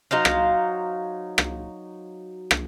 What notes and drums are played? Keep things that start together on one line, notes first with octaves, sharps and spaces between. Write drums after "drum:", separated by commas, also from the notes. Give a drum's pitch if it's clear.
F#3 D#4 C5 F5
drum: rim click
drum: rim click
drum: rim click